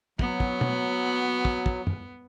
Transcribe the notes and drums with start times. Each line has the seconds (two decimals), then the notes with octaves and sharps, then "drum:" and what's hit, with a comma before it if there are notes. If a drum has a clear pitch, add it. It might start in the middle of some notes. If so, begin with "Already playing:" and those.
0.19 F#3 B3, drum: kick
0.40 drum: kick
0.61 drum: tom
1.45 drum: kick
1.66 drum: kick
1.87 drum: tom